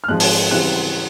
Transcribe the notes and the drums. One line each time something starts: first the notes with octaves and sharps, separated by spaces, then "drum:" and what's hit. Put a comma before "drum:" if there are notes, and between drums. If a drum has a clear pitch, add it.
F6
G#1 G#2 F3 G#3 F#6
drum: open hi-hat
C#3 E3 G3 C4 F#6